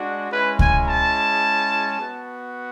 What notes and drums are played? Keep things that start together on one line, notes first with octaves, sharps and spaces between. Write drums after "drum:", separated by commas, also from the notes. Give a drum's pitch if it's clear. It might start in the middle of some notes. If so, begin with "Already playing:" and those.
Already playing: G#3 D4 F#4
G#3 C#4 E4 B4
G#5, drum: kick C#2
A5
B3 F#4